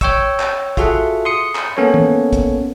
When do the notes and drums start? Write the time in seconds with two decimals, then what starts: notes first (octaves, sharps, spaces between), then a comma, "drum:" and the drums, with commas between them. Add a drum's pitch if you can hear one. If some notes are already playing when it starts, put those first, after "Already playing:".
0.01 C#5 G5 C#6 E6, drum: kick, hi-hat
0.40 drum: clap
0.77 F4 F#4 G#4 A4 E5 F#5, drum: kick, hi-hat
1.25 C6 D#6 C#7
1.55 drum: clap
1.77 A#3 B3 C#4 A4 C#5
1.94 drum: tom
2.33 drum: kick, hi-hat